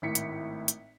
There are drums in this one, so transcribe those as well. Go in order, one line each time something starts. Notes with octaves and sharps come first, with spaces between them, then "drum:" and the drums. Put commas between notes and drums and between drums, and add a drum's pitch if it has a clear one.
G#1 A2 B6 C#7
drum: hi-hat
drum: hi-hat